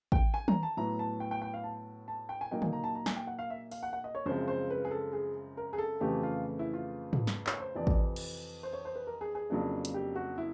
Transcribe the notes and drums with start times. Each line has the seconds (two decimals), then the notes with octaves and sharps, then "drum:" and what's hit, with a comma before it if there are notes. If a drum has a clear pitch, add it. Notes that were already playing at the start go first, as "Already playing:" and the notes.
0.12 G5, drum: kick A1
0.34 G#5
0.48 A#5, drum: tom
0.63 A5
0.77 A2 F#3 B3 E4 A#5
0.99 A5
1.20 G5
1.31 G5
1.42 G5
1.54 F5
1.64 A5
2.08 A5
2.29 G5
2.41 G#5
2.51 A#2 F#3 A#3 D#4 G5
2.62 G#5, drum: tom
2.73 A#5
2.84 A5
2.95 A#5
3.06 G#5, drum: snare
3.16 G5
3.27 F#5
3.39 F5
3.50 E5
3.71 F5, drum: open hi-hat
3.83 F#5
3.93 F#5
4.04 D#5
4.15 C#5
4.26 F#2 C#3 F3 G#3 C4 C5
4.48 C5
4.70 B4
4.85 G#4
4.91 A4
5.13 G#4
5.57 A#4
5.73 G#4
5.78 A4
6.00 F2 C#3 E3 A3 G4
6.23 F4
6.59 E4
6.74 F4
7.13 drum: tom
7.27 drum: snare
7.47 C#5, drum: clap
7.60 C5
7.75 F2 C3 E3 D5
7.87 drum: kick A1
8.16 drum: cymbal
8.63 C5
8.73 C#5
8.85 C5
8.96 B4
9.07 A#4
9.21 G#4
9.35 G#4
9.50 F2 C#3 F#3 A#3 D4
9.85 drum: hi-hat
9.94 G4
10.15 F#4
10.38 E4